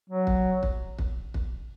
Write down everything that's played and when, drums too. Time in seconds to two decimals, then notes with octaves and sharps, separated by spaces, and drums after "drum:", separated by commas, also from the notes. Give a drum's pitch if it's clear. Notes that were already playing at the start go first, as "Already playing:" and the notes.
0.10 F#3
0.27 drum: kick
0.63 drum: kick
0.98 drum: kick
1.34 drum: kick